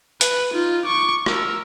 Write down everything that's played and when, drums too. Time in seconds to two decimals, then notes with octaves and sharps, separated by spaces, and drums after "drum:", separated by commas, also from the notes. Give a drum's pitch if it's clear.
0.21 B4, drum: hi-hat
0.53 D#4 F4
0.85 C#6 D6
1.26 A#4 E6, drum: rim click